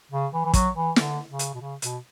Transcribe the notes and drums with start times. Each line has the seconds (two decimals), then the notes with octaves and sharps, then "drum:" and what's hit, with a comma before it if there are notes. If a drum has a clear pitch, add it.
0.11 C#3
0.33 E3
0.45 E3
0.54 F#3, drum: kick, hi-hat
0.76 E3
0.96 D3, drum: snare
1.28 C#3
1.39 drum: hi-hat
1.54 B2
1.61 C#3
1.82 B2, drum: hi-hat